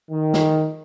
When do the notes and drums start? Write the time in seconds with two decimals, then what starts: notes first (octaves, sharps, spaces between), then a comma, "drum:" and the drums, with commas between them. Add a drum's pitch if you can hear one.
0.11 D#3
0.34 drum: snare